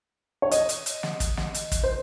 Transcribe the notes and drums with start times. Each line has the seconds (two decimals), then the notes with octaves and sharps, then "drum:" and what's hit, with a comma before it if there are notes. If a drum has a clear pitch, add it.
0.42 C#5
0.51 D#5, drum: hi-hat
0.69 drum: hi-hat
0.86 drum: hi-hat
1.03 drum: snare
1.20 drum: kick, hi-hat
1.37 drum: snare
1.54 drum: hi-hat
1.72 drum: kick, hi-hat
1.84 C5